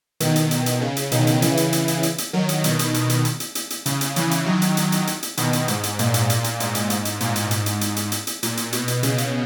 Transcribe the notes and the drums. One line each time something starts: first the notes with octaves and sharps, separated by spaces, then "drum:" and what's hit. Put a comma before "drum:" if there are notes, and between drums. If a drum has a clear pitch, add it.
B2 D#3, drum: hi-hat
drum: hi-hat
drum: hi-hat
drum: hi-hat
C#3
drum: hi-hat
B2 D#3, drum: hi-hat
drum: hi-hat
C#3 E3, drum: hi-hat
drum: hi-hat
drum: hi-hat
drum: hi-hat
drum: hi-hat
drum: hi-hat
D#3 F#3
drum: hi-hat
B2 D#3, drum: hi-hat
drum: hi-hat
drum: hi-hat
drum: hi-hat
drum: hi-hat
drum: hi-hat
drum: hi-hat
drum: hi-hat
C#3, drum: hi-hat
drum: hi-hat
C#3 E3, drum: hi-hat
drum: hi-hat
D#3 F#3
drum: hi-hat
drum: hi-hat
drum: hi-hat
drum: hi-hat
drum: hi-hat
B2 D#3, drum: hi-hat
drum: hi-hat
G#2, drum: hi-hat
drum: hi-hat
A#2, drum: hi-hat
drum: hi-hat
A#2, drum: hi-hat
drum: hi-hat
G#2, drum: hi-hat
drum: hi-hat
drum: hi-hat
drum: hi-hat
A#2, drum: hi-hat
drum: hi-hat
G#2, drum: hi-hat
drum: hi-hat
drum: hi-hat
drum: hi-hat
drum: hi-hat
drum: hi-hat
A#2, drum: hi-hat
drum: hi-hat
B2, drum: hi-hat
drum: hi-hat
C#3, drum: hi-hat
drum: hi-hat